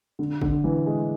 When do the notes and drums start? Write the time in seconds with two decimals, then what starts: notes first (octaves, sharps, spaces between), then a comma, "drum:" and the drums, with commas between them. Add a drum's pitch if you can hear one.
0.19 D3
0.41 D3, drum: kick G1
0.64 E3
0.86 G#3